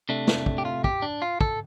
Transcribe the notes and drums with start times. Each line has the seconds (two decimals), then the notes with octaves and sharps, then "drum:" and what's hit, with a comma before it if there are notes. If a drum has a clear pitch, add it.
0.09 C3 A3 D4
0.27 drum: snare
0.46 drum: kick
0.58 G4
0.65 F4
0.84 G4, drum: kick
1.02 D4
1.22 F4
1.41 A4, drum: kick